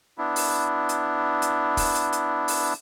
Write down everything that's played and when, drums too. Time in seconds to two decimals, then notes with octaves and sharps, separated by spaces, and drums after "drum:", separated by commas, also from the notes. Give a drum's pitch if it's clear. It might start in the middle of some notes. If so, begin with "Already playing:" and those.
0.18 B3 D4 E4
0.36 drum: open hi-hat
0.89 drum: hi-hat
1.42 drum: hi-hat
1.77 drum: kick, open hi-hat
1.95 drum: hi-hat
2.12 drum: hi-hat
2.48 drum: open hi-hat